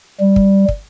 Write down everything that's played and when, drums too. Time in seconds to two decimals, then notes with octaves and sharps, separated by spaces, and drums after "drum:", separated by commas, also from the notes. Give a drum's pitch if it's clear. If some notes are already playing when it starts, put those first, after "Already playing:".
0.20 G3
0.36 drum: kick
0.68 drum: kick